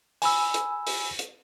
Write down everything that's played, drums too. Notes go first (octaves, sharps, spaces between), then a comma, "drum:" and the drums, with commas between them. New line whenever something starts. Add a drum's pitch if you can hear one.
G#5 B5 E6, drum: open hi-hat
drum: hi-hat
drum: open hi-hat
drum: hi-hat